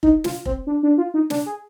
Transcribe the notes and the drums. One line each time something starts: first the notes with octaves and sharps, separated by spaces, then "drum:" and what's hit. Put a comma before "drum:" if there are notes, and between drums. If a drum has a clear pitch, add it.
D#4, drum: kick F1
F4, drum: snare
C4, drum: kick F1
D4
D4
F4
D#4
D4, drum: snare
G#4